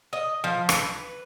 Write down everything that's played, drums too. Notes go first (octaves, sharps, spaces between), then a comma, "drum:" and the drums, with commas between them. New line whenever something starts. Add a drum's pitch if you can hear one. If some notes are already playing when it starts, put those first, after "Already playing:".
D#5
F3
B4, drum: rim click